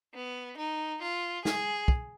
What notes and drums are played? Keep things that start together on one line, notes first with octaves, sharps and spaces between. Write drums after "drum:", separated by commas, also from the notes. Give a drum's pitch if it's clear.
B3
D#4
F4
G#4, drum: snare
drum: kick